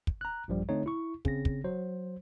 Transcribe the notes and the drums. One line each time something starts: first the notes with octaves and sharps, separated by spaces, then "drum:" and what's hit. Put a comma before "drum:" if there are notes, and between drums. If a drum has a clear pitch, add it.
drum: kick
A#5 F#6
A#1 G2 F3 G3
D3 A3 C4 D#4 C#5
E4 C#6
C#3 C4 A#6, drum: kick
drum: kick
F#3 C5